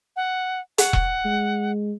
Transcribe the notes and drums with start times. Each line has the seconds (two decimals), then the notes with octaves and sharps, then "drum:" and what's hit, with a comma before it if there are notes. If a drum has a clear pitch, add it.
0.16 F#5
0.78 F#5, drum: hi-hat
0.93 drum: kick E1
1.25 G#3